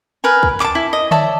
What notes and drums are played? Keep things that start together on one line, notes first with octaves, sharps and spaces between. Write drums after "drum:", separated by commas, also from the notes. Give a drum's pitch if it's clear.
A#4 B4 G#5
drum: kick
A5 D6, drum: clap
E4
D#5
C#5 D5 E5 A5, drum: tom D3